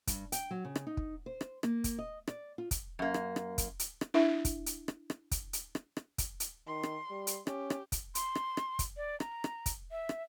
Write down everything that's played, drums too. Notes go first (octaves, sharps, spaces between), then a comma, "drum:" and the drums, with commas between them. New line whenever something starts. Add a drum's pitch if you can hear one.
G2, drum: kick, hi-hat
G5, drum: hi-hat
F#3
C#3
drum: rim click
D#4
drum: kick
C5
drum: rim click
A#3, drum: rim click
drum: kick, hi-hat
D#5
D5, drum: rim click
F4
drum: kick, hi-hat
F#2 A#3
drum: rim click
drum: rim click
drum: kick, hi-hat
drum: hi-hat
drum: rim click
D4 E4 E5
drum: kick, hi-hat
drum: hi-hat
drum: rim click
drum: rim click
drum: kick, hi-hat
drum: hi-hat
drum: rim click
drum: rim click
drum: kick, hi-hat
drum: hi-hat
D#3 C6
drum: rim click
G3
drum: hi-hat
C#4 G4, drum: rim click
drum: rim click
drum: kick, hi-hat
C6, drum: hi-hat
drum: rim click
drum: rim click
drum: kick, hi-hat
D5
A#5, drum: rim click
drum: rim click
drum: kick, hi-hat
E5
drum: rim click